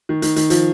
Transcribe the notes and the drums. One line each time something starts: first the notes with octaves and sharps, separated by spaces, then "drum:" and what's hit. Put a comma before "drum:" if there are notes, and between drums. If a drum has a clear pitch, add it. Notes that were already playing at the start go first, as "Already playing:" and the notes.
D#3
D#3, drum: hi-hat
D#3, drum: hi-hat
F3, drum: hi-hat